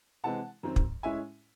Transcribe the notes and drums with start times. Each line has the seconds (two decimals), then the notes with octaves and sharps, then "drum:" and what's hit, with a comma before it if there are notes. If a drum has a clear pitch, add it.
0.24 C3 E3 G#3 C4 F#5 A5
0.63 F#2 D#3 F#3 C4
0.76 drum: kick
1.03 A2 G#3 C#4 E4 E5 G#5